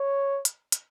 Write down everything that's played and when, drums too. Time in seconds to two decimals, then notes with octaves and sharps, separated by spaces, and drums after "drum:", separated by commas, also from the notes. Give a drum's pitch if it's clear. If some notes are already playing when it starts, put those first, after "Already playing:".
Already playing: C#5
0.45 drum: hi-hat
0.72 drum: hi-hat